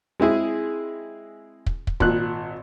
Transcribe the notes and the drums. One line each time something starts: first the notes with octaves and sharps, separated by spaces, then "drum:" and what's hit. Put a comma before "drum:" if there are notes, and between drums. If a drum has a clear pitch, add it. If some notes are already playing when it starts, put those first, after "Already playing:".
G#3 C4 E4 G#4
drum: kick
drum: kick
G#1 A#2 F#6, drum: kick